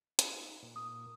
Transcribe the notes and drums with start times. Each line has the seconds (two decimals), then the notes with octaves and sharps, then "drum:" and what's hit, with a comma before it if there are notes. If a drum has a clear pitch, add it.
0.19 D#4, drum: hi-hat
0.62 A#2
0.76 D#6